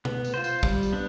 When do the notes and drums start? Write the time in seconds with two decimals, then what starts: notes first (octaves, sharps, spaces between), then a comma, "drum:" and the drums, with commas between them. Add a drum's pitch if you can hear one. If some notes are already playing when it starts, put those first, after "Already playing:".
0.05 B3, drum: tom B2
0.25 drum: tambourine
0.34 F4 C5
0.44 drum: tambourine
0.63 G3, drum: kick
0.83 drum: tambourine
0.93 B3 D4